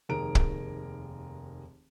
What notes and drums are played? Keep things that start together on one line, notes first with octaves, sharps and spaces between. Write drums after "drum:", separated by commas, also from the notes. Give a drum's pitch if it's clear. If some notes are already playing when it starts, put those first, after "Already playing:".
F1 D#2 G#4 A#4 A#5 D7
drum: kick